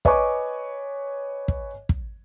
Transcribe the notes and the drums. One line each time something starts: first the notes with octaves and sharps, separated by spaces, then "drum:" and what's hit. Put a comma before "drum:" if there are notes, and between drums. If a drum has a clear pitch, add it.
B4 C#5 D#5 G#5 C#6 D6, drum: kick
drum: kick
drum: kick